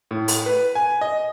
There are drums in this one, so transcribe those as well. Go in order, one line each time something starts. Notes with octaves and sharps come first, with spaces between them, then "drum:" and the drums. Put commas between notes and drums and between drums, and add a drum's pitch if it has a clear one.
A2
drum: open hi-hat
B4
G#5
D#5